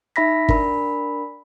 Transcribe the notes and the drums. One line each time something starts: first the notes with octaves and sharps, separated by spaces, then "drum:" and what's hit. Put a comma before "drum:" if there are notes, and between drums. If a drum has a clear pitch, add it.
D#4 E5 B5 A#6 B6
D4 A#4 B5, drum: kick G1